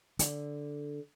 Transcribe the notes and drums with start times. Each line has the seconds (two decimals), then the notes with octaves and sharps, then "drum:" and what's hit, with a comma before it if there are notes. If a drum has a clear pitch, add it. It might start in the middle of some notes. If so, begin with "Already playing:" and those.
0.19 D3, drum: hi-hat